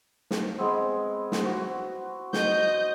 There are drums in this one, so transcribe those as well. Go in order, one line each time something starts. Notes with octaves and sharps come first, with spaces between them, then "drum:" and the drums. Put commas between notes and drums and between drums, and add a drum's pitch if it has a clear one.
drum: snare
G#3 B3 C4
drum: snare
F#4
D#5 G6, drum: snare